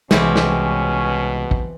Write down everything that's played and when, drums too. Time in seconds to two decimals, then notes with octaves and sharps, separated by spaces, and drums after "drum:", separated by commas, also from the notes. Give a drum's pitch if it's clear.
0.11 C2 B2 E3 G#3 C4 C#4 G4, drum: snare
0.36 drum: snare
1.51 drum: kick